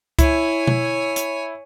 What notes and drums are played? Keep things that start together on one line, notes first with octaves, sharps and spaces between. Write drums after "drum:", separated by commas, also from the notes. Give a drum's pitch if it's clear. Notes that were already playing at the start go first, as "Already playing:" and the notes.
E4 C#5 G#5, drum: kick C#2, hi-hat
drum: tom B2
drum: hi-hat